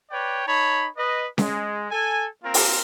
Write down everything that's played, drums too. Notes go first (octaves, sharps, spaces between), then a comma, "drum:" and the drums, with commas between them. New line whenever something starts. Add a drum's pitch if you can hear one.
B4 C#5 D5 G5
D#4 C#5 A5 B5
B4 D#5
G#3, drum: snare C#4
A4 G#5
A#3 C4 F4 A#4
drum: open hi-hat